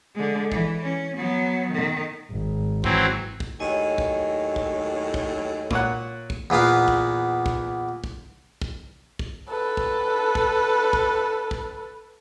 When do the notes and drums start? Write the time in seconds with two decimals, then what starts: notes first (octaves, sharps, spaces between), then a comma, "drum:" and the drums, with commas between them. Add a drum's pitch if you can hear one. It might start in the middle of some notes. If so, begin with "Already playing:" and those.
0.15 D3 G#3
0.52 E3, drum: kick
0.82 C#4
1.16 F#3 B3
1.72 D#3
2.31 G#1
2.84 E3 F#3 C4, drum: kick
3.40 drum: kick
3.60 D#2 A2 F#3 C#5 D#5 G#5
3.98 drum: kick
4.56 drum: kick
5.14 drum: kick
5.71 A#2 C#5 F#5, drum: kick
6.30 drum: kick
6.50 E2 A#2 B3 F5
6.88 drum: kick
7.46 drum: kick
8.04 drum: kick
8.62 drum: kick
9.19 drum: kick
9.49 A4 B4
9.77 drum: kick
10.35 drum: kick
10.93 drum: kick
11.51 drum: kick